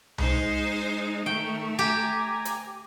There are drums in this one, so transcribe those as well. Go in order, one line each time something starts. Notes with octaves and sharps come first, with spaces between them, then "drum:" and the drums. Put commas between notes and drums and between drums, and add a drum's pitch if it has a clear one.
G#3 D#4 C5, drum: tom C2
D#3 A3 G5 C#6
G4 G#5 A#5
drum: hi-hat